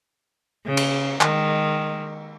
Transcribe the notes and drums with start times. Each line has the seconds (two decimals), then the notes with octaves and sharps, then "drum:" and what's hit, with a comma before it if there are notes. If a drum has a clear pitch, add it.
0.66 C#3
0.77 drum: cymbal
1.21 D#3 G#3, drum: clap